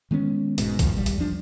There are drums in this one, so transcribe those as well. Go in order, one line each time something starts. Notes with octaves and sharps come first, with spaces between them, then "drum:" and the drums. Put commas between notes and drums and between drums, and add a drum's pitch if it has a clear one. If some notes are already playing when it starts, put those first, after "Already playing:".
D#3 G#3 B3 C#4
E1 G#2 B2, drum: hi-hat
E2 G2 D#3 F3, drum: kick B1, hi-hat
D#1 G#1 G3
drum: hi-hat
E2 F3 D4